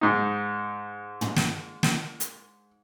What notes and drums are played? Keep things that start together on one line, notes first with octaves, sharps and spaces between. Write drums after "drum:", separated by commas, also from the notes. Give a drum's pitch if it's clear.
G#2 D#4
drum: tom
drum: snare
drum: snare
drum: hi-hat